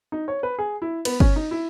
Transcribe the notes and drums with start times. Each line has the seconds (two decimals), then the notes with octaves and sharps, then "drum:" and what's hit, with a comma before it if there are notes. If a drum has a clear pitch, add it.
0.12 D#4
0.28 C#5
0.43 B4
0.59 G#4
0.82 E4
1.05 B3, drum: cymbal
1.20 C#4, drum: kick G1
1.36 D#4
1.51 E4